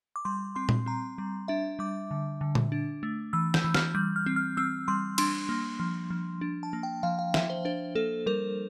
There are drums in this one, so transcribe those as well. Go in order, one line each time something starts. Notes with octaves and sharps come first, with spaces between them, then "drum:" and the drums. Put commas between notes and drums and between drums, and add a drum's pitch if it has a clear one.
D6
G3 C6
C4 C6
drum: tom A#2
C4 A#5
G3
D4 E5
G3 D6
D3
D3
drum: tom A#2
D4
A3
E3 E6
G6, drum: snare
E3
F6, drum: snare
G3 G6
F6
C4
F6
C4 E6
G3 C6
D4 C6, drum: cymbal
A#3
F3
F3
D4
A5
A#3
G5
F3 F5
F5
F3 E5, drum: snare
C5
D4 C5
A#3 A4
G3 A#4